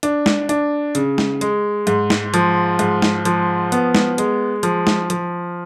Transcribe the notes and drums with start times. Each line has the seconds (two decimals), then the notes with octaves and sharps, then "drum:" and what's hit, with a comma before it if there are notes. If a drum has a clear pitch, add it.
0.03 D4, drum: hi-hat
0.26 drum: snare
0.49 D4, drum: hi-hat
0.95 C#3, drum: hi-hat
1.18 drum: snare
1.41 G#3, drum: hi-hat
1.87 G#2, drum: hi-hat
2.10 drum: snare
2.34 F3, drum: hi-hat
2.79 G#2, drum: hi-hat
3.02 drum: snare
3.25 F3, drum: hi-hat
3.72 B3, drum: hi-hat
3.95 drum: snare
4.18 G#3, drum: hi-hat
4.63 F3, drum: hi-hat
4.87 drum: snare
5.10 F3, drum: hi-hat